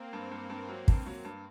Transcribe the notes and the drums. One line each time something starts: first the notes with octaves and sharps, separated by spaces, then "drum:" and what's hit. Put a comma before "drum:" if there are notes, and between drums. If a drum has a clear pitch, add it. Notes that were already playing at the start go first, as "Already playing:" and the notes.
Already playing: A#3 C4
G2
G2
G2
F#3
G2, drum: kick
F#3
G2